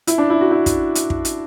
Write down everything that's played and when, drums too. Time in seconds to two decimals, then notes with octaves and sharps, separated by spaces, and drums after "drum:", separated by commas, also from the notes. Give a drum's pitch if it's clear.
0.07 E4, drum: hi-hat
0.18 D4
0.30 E4
0.41 F#4
0.51 E4
0.66 drum: kick, hi-hat
0.95 drum: hi-hat
1.10 drum: kick
1.25 drum: hi-hat